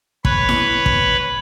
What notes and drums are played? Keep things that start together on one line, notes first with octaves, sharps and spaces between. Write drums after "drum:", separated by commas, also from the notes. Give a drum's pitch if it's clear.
B4 C#5 B5, drum: kick
drum: snare E4
drum: kick